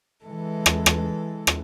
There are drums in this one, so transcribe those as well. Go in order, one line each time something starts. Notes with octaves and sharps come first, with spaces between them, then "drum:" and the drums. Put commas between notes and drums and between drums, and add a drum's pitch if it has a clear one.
E3 G#3 A4
drum: rim click
drum: rim click
drum: rim click